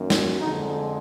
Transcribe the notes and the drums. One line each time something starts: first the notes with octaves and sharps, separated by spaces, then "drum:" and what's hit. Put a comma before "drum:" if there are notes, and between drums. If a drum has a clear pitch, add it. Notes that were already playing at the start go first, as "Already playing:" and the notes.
Already playing: F#2 D#3 A#3
drum: snare
F2 D3 G#3 D#4